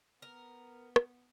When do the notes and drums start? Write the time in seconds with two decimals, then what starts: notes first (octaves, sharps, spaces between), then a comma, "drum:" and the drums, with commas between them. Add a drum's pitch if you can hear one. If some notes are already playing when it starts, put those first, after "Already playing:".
0.22 B3 A#4
0.96 drum: rim click